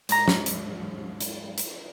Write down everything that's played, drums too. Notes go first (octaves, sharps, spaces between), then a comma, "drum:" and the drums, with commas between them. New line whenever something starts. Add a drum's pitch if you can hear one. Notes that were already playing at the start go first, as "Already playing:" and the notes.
G#2 A#5, drum: hi-hat
drum: snare
drum: hi-hat
drum: hi-hat
drum: hi-hat